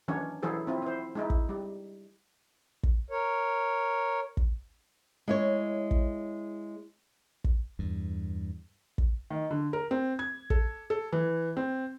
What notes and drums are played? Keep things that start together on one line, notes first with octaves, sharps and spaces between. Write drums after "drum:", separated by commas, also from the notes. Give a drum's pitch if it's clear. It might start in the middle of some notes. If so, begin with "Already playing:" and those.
D#3 E3 F#3 C#4 D4 C#5
E3 F#3 E4 G#4 A4 C5
C4 E4 F4
E4 C5
G#3 D#4 E4
drum: kick
G3
drum: kick
A#4 C#5
drum: kick
G#3 E4 C#5
drum: kick
drum: kick
E2 G2
drum: kick
D#3
D3
A#4
C4
G#6
A4, drum: kick
A4
E3
C4